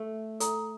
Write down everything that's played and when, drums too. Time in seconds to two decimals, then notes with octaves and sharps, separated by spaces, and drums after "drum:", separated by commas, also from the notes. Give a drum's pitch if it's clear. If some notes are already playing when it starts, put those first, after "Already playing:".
Already playing: A3
0.40 A4 E5 A#5, drum: hi-hat